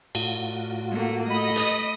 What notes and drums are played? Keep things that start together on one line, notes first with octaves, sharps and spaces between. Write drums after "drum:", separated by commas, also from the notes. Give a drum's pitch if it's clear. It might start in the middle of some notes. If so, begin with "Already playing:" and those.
A2 F4 F#4, drum: cymbal
A3 A#3
A3 D#5 B5 D#6
drum: hi-hat